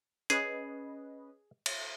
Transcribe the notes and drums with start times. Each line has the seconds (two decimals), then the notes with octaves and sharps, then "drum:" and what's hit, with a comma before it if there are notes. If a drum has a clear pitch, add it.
0.30 C#4 G#4 B4 D#5, drum: hi-hat
1.66 drum: cymbal